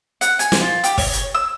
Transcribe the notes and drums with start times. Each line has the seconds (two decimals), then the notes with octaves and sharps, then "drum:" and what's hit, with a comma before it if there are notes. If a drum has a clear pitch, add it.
0.21 F#5, drum: hi-hat
0.39 G#5, drum: hi-hat
0.52 drum: snare
0.61 F4
0.84 G4, drum: hi-hat
0.98 C#5, drum: kick, open hi-hat
1.13 drum: hi-hat
1.34 E6